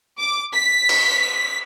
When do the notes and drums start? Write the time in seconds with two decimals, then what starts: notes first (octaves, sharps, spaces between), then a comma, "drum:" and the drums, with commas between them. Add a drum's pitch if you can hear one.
0.20 D6
0.54 B6
0.89 drum: cymbal